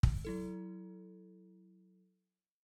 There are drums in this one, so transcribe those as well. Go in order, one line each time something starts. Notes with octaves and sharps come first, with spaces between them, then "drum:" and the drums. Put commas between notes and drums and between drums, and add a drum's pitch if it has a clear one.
drum: kick
F#3 E4 A4